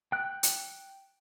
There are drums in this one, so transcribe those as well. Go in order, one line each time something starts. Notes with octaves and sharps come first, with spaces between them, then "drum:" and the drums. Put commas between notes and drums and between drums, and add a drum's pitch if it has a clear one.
G5 F#6
drum: hi-hat